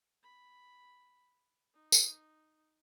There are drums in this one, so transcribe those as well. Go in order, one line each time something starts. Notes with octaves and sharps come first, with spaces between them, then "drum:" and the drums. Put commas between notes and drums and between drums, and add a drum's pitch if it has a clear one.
B5
D#4
drum: tambourine